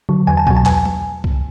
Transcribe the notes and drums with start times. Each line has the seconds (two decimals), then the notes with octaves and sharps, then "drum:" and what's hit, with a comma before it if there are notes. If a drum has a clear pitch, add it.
0.09 D3 F#3
0.27 E2 G#5
0.37 A5
0.47 B2 F#3 G#5, drum: kick C2
0.57 A5
0.66 E2 G#5, drum: clap
0.85 drum: tom
1.24 drum: kick C2